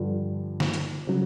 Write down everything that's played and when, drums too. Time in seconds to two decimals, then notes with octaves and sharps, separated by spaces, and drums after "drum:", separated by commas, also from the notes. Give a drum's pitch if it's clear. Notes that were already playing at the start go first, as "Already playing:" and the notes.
Already playing: G2 D3 F3
0.60 drum: snare
0.74 drum: hi-hat
1.07 C#3 F#3